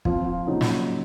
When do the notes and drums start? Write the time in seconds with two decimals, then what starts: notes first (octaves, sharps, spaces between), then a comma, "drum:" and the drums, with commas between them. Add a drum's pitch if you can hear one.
0.05 F3 C4 F4, drum: kick
0.26 F4
0.47 C#3 F#3 A#3 C#4 D#4
0.61 drum: snare